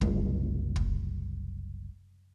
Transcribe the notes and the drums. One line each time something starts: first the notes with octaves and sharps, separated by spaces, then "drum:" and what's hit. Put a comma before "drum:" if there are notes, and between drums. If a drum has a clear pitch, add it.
F#1 C2 G#3, drum: kick
drum: kick